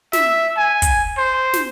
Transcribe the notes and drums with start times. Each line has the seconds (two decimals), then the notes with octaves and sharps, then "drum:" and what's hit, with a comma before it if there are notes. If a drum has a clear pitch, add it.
0.13 E5, drum: snare
0.57 G#5
0.82 drum: kick, hi-hat
1.18 C5
1.53 drum: snare